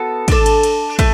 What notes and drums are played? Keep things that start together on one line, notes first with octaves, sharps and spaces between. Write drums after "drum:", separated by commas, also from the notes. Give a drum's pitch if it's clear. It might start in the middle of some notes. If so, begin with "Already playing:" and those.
Already playing: B3 F#4 A4
D4 A4, drum: kick, cymbal
drum: cymbal
drum: cymbal
A3, drum: kick, cymbal